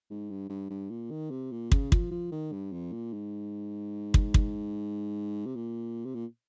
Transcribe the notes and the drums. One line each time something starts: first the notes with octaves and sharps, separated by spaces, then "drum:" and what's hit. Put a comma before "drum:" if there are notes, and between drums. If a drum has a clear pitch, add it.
G#2
G2
G2
G2
A#2
D#3
C3
A#2
C#3, drum: kick
F3, drum: kick
F3
D#3
G2
F2
A#2
G#2
drum: kick
drum: kick
C3
A#2
C3
A#2